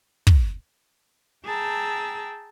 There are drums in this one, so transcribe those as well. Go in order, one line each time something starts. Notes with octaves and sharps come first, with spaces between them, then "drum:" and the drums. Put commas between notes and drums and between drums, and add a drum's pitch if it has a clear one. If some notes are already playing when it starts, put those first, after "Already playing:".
drum: kick
G#4 G5 A5 A#5 E6